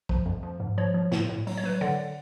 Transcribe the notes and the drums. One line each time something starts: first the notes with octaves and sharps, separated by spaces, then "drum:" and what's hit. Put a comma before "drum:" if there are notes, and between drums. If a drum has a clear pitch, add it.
F3, drum: kick
F2
F3
G#2
F3 C#5
F3
A2, drum: snare
A2
F#3, drum: open hi-hat
C#5
F#3 B4
C#5
D3 D5 F#5